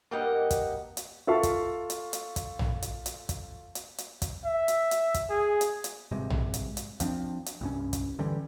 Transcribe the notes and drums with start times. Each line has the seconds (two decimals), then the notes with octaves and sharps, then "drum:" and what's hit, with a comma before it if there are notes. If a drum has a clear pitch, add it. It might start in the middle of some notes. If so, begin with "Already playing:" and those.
0.11 G2 A#3 G4 A#4 D#5 F#5
0.50 drum: kick, hi-hat
0.97 drum: hi-hat
1.27 F4 A4 E5 F5 C#6
1.43 drum: kick, hi-hat
1.90 drum: hi-hat
2.13 drum: hi-hat
2.36 drum: kick, hi-hat
2.59 drum: tom A#1
2.82 drum: hi-hat
3.06 drum: hi-hat
3.29 drum: kick, hi-hat
3.75 drum: hi-hat
3.98 drum: hi-hat
4.22 drum: kick, hi-hat
4.45 E5
4.68 drum: hi-hat
4.91 drum: hi-hat
5.14 drum: kick, hi-hat
5.30 G#4
5.61 drum: hi-hat
5.84 drum: hi-hat
6.11 G#1 G2 C3 G#3
6.30 drum: tom A#1
6.54 drum: hi-hat
6.77 drum: hi-hat
7.00 F3 C4 D4, drum: kick, hi-hat
7.46 drum: hi-hat
7.61 C2 G2 C#4
7.93 drum: kick, hi-hat
8.19 D3 E3 G3 C#4